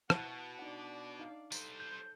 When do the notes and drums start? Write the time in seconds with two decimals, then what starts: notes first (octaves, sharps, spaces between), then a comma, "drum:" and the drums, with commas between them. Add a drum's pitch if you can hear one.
0.10 B2 E4 F#5 A5 C#6, drum: rim click
0.59 D4 D#4 D5 F#5
1.19 D#4 F5
1.52 G3 A4 C5 A#5, drum: tambourine
1.80 G6